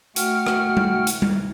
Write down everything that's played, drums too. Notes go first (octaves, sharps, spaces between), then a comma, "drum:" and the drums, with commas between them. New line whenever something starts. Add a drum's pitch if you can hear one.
A3 F#4 F#5 G5 F6, drum: hi-hat
drum: rim click
drum: tom G3
drum: hi-hat
drum: tom G3